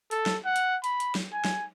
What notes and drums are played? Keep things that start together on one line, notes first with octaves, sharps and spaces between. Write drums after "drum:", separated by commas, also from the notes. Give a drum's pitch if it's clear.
A4, drum: hi-hat
drum: snare
F#5
drum: hi-hat
B5, drum: hi-hat
drum: hi-hat
drum: snare
G#5
drum: snare